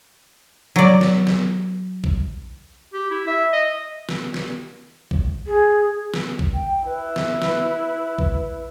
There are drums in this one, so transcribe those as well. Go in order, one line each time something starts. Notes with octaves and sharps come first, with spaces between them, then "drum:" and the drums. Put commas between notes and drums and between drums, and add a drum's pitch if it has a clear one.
F#3 D5
drum: snare
drum: snare
drum: kick A#1
G4
E4
E5
D#5
drum: snare
drum: snare
drum: kick A#1
G#4
drum: snare
drum: kick A#1
G5
E4 B4
drum: snare
drum: snare
drum: kick A#1